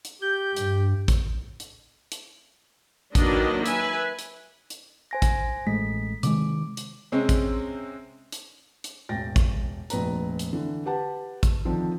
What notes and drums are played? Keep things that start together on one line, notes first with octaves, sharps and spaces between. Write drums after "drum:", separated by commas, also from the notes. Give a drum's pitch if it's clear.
drum: hi-hat
G4 G6
G2, drum: hi-hat
drum: kick A1, hi-hat
drum: hi-hat
drum: hi-hat
D#3 F#3 A#3 D4 B4 D#5, drum: kick A1, hi-hat
B4 E5 G#5, drum: hi-hat
drum: hi-hat
drum: hi-hat
C5 G#5 A#6
drum: kick A1, hi-hat
A1 G#3 A3 B6
C3 D#3 G#3 D6, drum: hi-hat
drum: hi-hat
C3 G#3 C4 C#4
drum: kick A1, hi-hat
drum: hi-hat
drum: hi-hat
E1 A1 G5 A6 A#6
drum: kick A1, hi-hat
F1 A#1 B4 A#5, drum: hi-hat
drum: hi-hat
D3 E3
G4 B4 F#5 A5
drum: kick A1, hi-hat
D3 D#3 F3 C4 D4